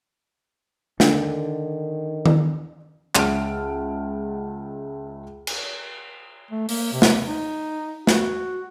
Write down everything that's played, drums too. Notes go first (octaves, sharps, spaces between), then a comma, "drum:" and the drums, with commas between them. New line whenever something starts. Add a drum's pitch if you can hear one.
D3 D#3 D4, drum: snare
drum: tom D#3
C#2 E5 F#5 A5 F6 D7, drum: clap
drum: cymbal
A3
A#3, drum: open hi-hat
C3
drum: snare
D#4
F#4, drum: snare